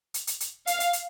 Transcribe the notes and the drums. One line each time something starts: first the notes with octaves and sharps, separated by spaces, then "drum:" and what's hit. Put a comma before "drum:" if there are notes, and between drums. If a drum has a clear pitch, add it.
drum: hi-hat
drum: hi-hat
drum: hi-hat
F5, drum: hi-hat
drum: hi-hat
drum: hi-hat